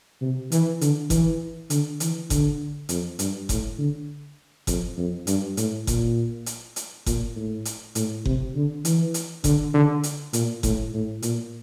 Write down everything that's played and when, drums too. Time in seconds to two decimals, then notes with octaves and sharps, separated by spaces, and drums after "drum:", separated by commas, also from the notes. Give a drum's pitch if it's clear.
0.21 C3
0.52 E3, drum: hi-hat
0.81 D3, drum: hi-hat
1.10 E3, drum: kick F#1, hi-hat
1.70 D3, drum: hi-hat
2.00 E3, drum: hi-hat
2.30 D3, drum: kick F#1, hi-hat
2.89 F2, drum: hi-hat
3.19 G2, drum: hi-hat
3.49 A2, drum: kick F#1, hi-hat
3.78 D3
4.67 F2, drum: kick F#1, hi-hat
4.97 F2
5.27 G2, drum: hi-hat
5.57 A2, drum: hi-hat
5.87 A#2, drum: kick F#1, hi-hat
6.46 drum: hi-hat
6.76 drum: hi-hat
7.06 A#2, drum: kick F#1, hi-hat
7.36 A2
7.65 drum: hi-hat
7.95 A2, drum: hi-hat
8.25 C3, drum: kick F#1
8.55 D3
8.85 E3, drum: hi-hat
9.14 drum: hi-hat
9.44 D3, drum: kick F#1, hi-hat
9.74 D3
10.03 drum: hi-hat
10.33 A#2, drum: hi-hat
10.63 A2, drum: kick F#1, hi-hat
10.93 A2
11.22 A#2, drum: hi-hat